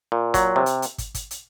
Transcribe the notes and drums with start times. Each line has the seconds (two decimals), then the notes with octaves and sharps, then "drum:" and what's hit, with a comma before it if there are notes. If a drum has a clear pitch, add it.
0.12 A#2
0.34 F#3, drum: kick, hi-hat
0.56 C3
0.66 drum: hi-hat
0.82 drum: hi-hat
0.98 drum: kick, hi-hat
1.14 drum: kick, hi-hat
1.31 drum: hi-hat